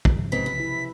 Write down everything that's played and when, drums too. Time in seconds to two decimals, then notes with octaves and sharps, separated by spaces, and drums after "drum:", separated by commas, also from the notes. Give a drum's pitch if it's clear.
0.05 drum: kick
0.17 C#3 F3
0.32 G#2 C3 C4 B4 B6
0.46 E3
0.60 E4